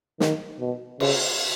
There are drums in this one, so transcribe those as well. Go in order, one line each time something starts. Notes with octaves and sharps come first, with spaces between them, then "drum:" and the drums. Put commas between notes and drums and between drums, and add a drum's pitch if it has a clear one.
D#3, drum: snare
B2
C#3, drum: cymbal